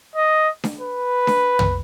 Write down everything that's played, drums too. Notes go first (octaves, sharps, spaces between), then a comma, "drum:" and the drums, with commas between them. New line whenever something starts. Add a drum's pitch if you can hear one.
D#5
drum: snare D4
B4
drum: snare D4
drum: tom